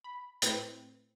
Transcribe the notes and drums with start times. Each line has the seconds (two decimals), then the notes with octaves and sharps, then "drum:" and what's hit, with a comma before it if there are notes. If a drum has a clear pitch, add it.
0.04 B5
0.42 A2 C4 B4, drum: hi-hat